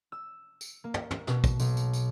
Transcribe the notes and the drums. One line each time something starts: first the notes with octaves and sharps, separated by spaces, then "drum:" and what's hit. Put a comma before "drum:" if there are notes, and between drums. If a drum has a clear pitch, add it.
E6
drum: tambourine
A#3
drum: tom
drum: tom
B2, drum: snare
drum: kick, tambourine
B1, drum: tambourine
drum: tambourine
drum: tambourine